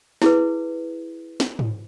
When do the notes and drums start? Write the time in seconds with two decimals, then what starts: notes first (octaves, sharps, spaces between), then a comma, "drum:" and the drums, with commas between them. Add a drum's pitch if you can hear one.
0.22 E4 G#4 B4, drum: snare
1.40 drum: snare
1.59 drum: tom G#2